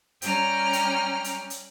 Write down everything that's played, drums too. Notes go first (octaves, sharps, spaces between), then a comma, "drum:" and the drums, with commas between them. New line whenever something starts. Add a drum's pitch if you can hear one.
G3 C#4 G5 A#5 F6, drum: hi-hat
drum: hi-hat
drum: hi-hat
drum: hi-hat